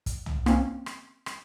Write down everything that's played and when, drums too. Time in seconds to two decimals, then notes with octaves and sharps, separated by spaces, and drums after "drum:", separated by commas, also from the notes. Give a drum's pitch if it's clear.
0.06 drum: kick, hi-hat
0.26 drum: tom
0.46 A#3 C4 C#4, drum: rim click
0.86 drum: rim click
1.26 drum: rim click